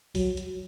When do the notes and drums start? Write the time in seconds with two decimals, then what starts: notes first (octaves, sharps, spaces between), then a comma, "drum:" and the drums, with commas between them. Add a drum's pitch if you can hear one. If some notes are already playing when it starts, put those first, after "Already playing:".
0.15 F#3, drum: kick B1, open hi-hat
0.37 drum: hi-hat